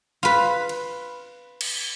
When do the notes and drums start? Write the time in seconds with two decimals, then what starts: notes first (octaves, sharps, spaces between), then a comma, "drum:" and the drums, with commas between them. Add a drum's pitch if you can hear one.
0.23 F4 B4
0.69 drum: cymbal
1.61 drum: cymbal